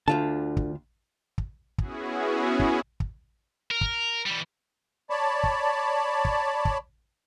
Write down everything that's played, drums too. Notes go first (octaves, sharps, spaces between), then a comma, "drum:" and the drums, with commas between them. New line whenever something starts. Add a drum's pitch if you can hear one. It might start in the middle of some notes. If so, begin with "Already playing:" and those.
D2 D3 F4 A5
drum: kick
drum: kick
B3 C#4 E4 F#4 G#4, drum: kick
drum: kick
drum: kick
A#4
drum: kick
E3 G3
C#5 D5 A5 B5
drum: kick
drum: kick
drum: kick